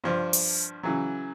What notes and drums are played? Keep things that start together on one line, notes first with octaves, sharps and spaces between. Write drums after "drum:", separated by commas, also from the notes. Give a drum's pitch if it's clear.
G2 F3 D4
drum: open hi-hat
C#3 E3 F#3